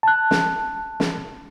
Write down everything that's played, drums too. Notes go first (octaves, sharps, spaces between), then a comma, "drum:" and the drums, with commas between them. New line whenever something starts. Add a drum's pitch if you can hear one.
A5 F#6
drum: snare
drum: snare